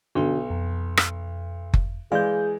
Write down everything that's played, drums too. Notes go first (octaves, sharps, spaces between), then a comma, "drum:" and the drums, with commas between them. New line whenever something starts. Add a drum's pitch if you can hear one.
B1 B2 D3 D4 F#4
F2
drum: rim click
drum: kick F#1
E3 G#3 G#4 D5 F5 G6